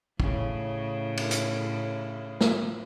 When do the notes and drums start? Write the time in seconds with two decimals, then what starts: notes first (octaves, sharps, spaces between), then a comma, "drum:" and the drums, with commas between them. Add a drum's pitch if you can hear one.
0.20 A2 C#3, drum: kick
1.17 drum: cymbal
1.31 drum: hi-hat
2.41 drum: snare